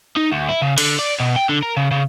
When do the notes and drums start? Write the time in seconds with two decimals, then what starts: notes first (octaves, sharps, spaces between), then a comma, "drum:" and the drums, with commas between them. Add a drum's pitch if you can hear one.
0.17 D#4
0.32 D2
0.49 E4
0.62 C#3
0.78 D3, drum: cymbal
0.99 D5
1.20 B2
1.36 G5
1.49 D3
1.63 A#4
1.76 C#3
1.91 C#3